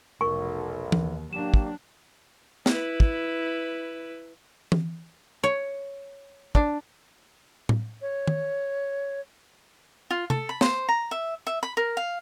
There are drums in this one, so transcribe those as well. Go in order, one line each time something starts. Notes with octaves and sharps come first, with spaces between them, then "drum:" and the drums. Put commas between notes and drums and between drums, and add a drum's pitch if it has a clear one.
F1 B1 A#4 C#6
D#2, drum: tom
F#3 A#3 D4 G4 E7
drum: kick
E4 B4, drum: snare
drum: kick
drum: tom
C#5
D4, drum: kick
drum: tom A2
C#5
drum: tom
F4
A4, drum: tom
B5
C5, drum: snare
A#5
E5
E5
B5
A#4
F5